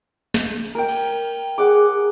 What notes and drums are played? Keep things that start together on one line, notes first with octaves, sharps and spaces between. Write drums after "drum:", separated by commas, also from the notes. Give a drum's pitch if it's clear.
drum: snare
A#4 G5
drum: cymbal
G#4 F#5 D6